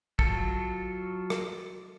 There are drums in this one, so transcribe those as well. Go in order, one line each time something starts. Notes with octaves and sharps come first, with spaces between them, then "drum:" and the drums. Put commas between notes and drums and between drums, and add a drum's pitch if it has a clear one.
F#3 F4 A4, drum: kick
drum: rim click